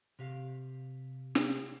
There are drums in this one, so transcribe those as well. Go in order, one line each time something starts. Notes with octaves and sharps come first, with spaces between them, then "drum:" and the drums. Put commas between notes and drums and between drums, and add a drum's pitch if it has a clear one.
C3 G4 F5
drum: snare